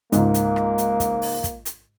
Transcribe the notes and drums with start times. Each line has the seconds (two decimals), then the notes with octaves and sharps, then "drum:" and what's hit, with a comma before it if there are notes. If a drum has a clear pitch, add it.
0.12 C#2 G#2 A#3, drum: hi-hat
0.34 drum: hi-hat
0.56 drum: rim click
0.78 drum: hi-hat
1.00 drum: kick, hi-hat
1.22 drum: open hi-hat
1.44 drum: kick, hi-hat
1.65 drum: hi-hat